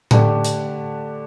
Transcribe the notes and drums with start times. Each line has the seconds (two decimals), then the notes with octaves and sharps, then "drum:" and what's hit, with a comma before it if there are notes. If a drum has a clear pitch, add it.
0.11 D3 A3 D4 G4, drum: tom A2
0.44 drum: hi-hat